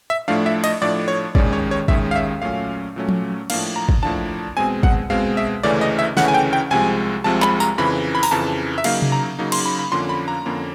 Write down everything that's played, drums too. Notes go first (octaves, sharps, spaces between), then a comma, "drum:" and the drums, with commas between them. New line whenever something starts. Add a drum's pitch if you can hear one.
E5
A2 F3 A3 D4 F5
E5
D#5, drum: cymbal
A2 F3 A3 D4 D5
C#5
D#2 D#3 G#3 C#4 D5, drum: kick
C#5
C#5
D#2 D#3 G#3 C#4 E5, drum: kick
F5
E5
A#2 F#3 A3 C#4 F5
A#2 F#3 A3 C#4
drum: tom F3
A2 F3 A#3 D4 F5, drum: cymbal
A#5
drum: kick
A2 F3 A#3 D4 A5
B2 G#3 C4 G#5
F#5, drum: kick
B2 G#3 C4 F5
E5
D2 C#3 E3 A3 C#4 D5
D#5
E5
D2 C#3 E3 A3 C#4 F#5, drum: snare
G#5
G5
G5
C2 C3 F3 G#3 G#5
C2 C3 F3 G#3 A5
B5, drum: clap
A#5, drum: tambourine
F2 C#3 E3 B5
B5
A#5, drum: open hi-hat
F2 C#3 E3 A5
E5
C#3 F#3 A#3 D#4 F5, drum: cymbal
drum: tom C3
A#5
C#3 F#3 A#3 D#4
C6, drum: cymbal
B5
B5
F2 D3 F3 A#3 C#4 C6
B5
A#5
F2 D3 F3 A#3 C#4